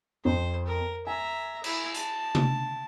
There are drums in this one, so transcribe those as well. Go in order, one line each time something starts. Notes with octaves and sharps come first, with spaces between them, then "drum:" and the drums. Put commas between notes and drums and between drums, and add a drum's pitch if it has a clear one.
F2 C5
A#4
E5 G#5 A#5
E4, drum: cymbal
A5, drum: hi-hat
drum: tom C3